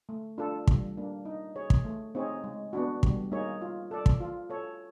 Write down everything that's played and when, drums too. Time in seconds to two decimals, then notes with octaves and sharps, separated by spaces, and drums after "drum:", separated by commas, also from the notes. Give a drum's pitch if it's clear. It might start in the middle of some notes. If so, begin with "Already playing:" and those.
0.09 A3
0.38 D4 F4 A4
0.67 G3, drum: kick
0.97 A#3 D4
1.25 D#4
1.56 G#4 C#5
1.70 drum: kick
1.85 A3
2.15 C4 D#4 G#4 C#5
2.44 G#3
2.73 B3 D4 F#4
3.03 G3, drum: kick
3.32 A#3 D#4 G#4 C#5
3.62 F4
3.91 A4 D5
4.06 drum: kick
4.20 F4
4.50 A4 C#5